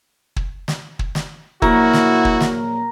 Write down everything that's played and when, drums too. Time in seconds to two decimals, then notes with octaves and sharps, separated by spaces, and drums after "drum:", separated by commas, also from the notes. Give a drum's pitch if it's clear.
0.36 drum: kick
0.68 drum: snare
0.99 drum: kick
1.15 drum: snare
1.62 A#1 F#3 E4 F#4 A#4 C#6, drum: kick
1.93 drum: snare
2.25 drum: kick
2.41 drum: snare